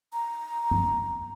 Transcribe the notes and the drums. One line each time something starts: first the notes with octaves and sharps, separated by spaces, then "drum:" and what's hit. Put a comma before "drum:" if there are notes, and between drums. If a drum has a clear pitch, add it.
A#5
drum: tom G2